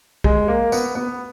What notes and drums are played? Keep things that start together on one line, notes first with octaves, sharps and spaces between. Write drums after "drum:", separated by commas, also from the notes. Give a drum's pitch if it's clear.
G#3, drum: kick
A#3
B3, drum: tambourine
B3